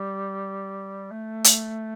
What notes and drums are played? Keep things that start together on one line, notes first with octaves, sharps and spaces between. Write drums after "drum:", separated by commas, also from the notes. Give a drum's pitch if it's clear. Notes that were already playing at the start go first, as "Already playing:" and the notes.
Already playing: G3
A3
drum: hi-hat